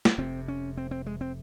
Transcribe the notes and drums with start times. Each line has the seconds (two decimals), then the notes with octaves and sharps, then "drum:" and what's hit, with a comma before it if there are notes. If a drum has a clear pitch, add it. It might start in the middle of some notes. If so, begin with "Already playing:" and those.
0.05 drum: snare
0.18 F1 F2 C3 C4
0.48 C#4
0.77 C4
0.91 C4
1.06 G#3
1.21 C4